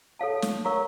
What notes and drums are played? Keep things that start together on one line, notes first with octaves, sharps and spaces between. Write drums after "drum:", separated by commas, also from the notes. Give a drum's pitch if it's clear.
A4 C#5 F5 A5
drum: snare
A#4 C#5 F5 A#5 C#6